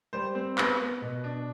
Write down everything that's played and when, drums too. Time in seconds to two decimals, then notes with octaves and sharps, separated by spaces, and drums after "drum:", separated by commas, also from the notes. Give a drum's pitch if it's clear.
0.13 G3 C5
0.35 C4
0.58 B3 B4, drum: clap
0.79 B3
1.02 B2
1.24 D4